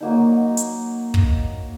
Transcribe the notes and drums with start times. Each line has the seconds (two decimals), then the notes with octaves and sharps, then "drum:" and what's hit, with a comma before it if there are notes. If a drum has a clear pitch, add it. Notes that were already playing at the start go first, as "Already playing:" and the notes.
0.01 F#3 A#3 D#4
0.57 drum: hi-hat
1.14 drum: kick